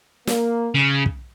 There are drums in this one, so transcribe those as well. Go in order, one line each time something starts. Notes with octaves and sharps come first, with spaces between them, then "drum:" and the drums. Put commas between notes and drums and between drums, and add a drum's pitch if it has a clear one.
A#3, drum: snare
C#3
drum: kick